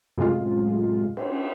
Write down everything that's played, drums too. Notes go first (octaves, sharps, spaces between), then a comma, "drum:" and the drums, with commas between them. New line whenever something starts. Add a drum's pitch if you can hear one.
F#2 A2 C3 G#3 F4
drum: cymbal